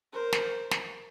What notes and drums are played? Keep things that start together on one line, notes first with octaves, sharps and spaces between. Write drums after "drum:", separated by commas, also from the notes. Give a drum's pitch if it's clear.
A#4 C5
drum: snare
drum: snare